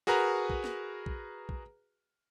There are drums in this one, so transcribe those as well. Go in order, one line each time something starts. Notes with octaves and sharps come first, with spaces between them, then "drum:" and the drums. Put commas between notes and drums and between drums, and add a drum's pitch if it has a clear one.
F#4 G#4 A#4 B4 A#5
drum: kick
drum: snare
drum: kick
drum: kick